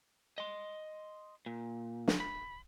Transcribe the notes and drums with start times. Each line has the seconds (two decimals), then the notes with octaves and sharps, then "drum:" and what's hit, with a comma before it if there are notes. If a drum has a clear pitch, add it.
0.38 D#5 C6
1.46 A#2
2.08 drum: snare
2.20 B5